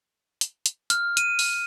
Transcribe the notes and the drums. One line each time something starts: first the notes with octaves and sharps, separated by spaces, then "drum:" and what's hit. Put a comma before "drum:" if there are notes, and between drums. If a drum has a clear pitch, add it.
drum: hi-hat
drum: hi-hat
F6, drum: hi-hat
D#7, drum: hi-hat
drum: open hi-hat